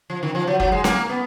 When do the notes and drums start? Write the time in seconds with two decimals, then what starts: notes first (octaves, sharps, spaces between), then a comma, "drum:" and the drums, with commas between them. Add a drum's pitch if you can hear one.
0.10 F3
0.23 D#3
0.35 F3
0.47 F#3
0.60 F#3, drum: kick F#1
0.72 G#3
0.84 A#3, drum: snare
1.09 B3